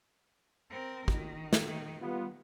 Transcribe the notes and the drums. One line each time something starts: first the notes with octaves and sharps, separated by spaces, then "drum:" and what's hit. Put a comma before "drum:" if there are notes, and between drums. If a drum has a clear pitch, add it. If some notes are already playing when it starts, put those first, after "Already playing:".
C4 A#4
D#3, drum: kick
drum: snare
G3 B3 F4